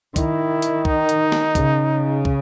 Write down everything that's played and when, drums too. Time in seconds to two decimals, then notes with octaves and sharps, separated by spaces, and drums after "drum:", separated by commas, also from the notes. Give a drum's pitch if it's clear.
0.16 D#3 E4, drum: kick, hi-hat
0.62 drum: hi-hat
0.85 D#4, drum: kick
1.09 drum: hi-hat
1.32 drum: snare
1.55 C#3, drum: kick, hi-hat
2.25 drum: kick